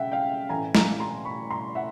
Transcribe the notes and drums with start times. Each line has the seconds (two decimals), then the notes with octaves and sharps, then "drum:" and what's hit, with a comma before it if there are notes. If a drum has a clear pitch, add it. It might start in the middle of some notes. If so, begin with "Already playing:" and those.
Already playing: C#3 E5 F#5 G5
0.12 F5 G5
0.49 A2 E3 A3 C#4 G#5 A#5
0.75 G#5 A#5, drum: snare
1.00 A#5 C6
1.25 B5 C#6
1.50 A#5 C6
1.75 E5 F#5